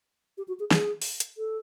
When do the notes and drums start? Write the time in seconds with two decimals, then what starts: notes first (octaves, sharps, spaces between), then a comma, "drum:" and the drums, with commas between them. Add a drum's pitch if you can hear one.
0.38 G4
0.48 F#4
0.60 G#4
0.71 G#4, drum: snare
1.02 drum: open hi-hat
1.20 drum: hi-hat
1.38 A4